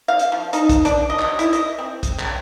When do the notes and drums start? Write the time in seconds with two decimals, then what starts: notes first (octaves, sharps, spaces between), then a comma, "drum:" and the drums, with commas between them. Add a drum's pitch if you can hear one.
0.08 F5
0.19 drum: hi-hat
0.32 F3
0.53 D#4, drum: hi-hat
0.69 drum: kick, hi-hat
0.85 D4, drum: hi-hat
1.10 D#5
1.19 drum: clap
1.39 E4, drum: hi-hat
1.53 D#5, drum: hi-hat
1.79 C4
2.03 drum: kick, hi-hat
2.20 drum: clap